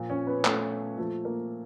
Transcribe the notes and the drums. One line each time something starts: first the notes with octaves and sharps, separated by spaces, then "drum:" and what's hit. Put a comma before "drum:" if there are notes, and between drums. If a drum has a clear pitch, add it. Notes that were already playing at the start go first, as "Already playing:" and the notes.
Already playing: A#2 F3
C#4 C#5
B3 B4
A3 A4, drum: clap
A#2 F3 A3 A4
A#3 A#4